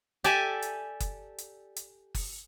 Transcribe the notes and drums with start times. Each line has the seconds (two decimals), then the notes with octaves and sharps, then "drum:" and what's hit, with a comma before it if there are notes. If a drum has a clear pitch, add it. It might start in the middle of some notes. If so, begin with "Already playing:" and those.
0.24 G4 A4 D5 E5 G#5 A5, drum: hi-hat
0.62 drum: hi-hat
1.00 drum: kick F#1, hi-hat
1.38 drum: hi-hat
1.76 drum: hi-hat
2.14 drum: kick F#1, open hi-hat